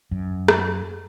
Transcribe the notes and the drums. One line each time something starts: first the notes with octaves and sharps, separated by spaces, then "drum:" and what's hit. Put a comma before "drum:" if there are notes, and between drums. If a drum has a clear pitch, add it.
F#2
drum: rim click